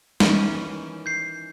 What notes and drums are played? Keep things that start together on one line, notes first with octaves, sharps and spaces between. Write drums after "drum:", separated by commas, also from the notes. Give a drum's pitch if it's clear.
D#3 E3 C#4 E7, drum: snare
G6 C7